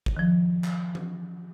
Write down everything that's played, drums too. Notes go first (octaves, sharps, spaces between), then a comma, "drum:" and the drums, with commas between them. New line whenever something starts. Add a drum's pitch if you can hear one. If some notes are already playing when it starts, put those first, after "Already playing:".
drum: kick
D#3 F3
drum: clap
drum: tom E3